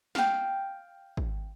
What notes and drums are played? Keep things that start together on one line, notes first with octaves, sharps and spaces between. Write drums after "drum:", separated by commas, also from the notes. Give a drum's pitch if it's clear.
F5 G5, drum: snare
drum: kick